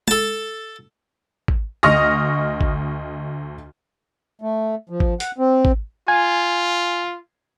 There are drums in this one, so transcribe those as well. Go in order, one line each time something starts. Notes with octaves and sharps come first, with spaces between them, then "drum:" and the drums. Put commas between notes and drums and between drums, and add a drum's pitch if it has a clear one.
A4 A5, drum: tom
drum: kick G#1
D2 D#5 C#6 D#6 F6 A#6
drum: kick G#1
A3
F3
drum: kick G#1
F#5, drum: hi-hat
C4
drum: kick G#1
F4 G#5